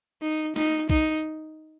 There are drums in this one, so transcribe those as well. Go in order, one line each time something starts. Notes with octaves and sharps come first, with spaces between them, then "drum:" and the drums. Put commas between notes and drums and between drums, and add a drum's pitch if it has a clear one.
D#4
D#4, drum: snare
D#4, drum: kick B1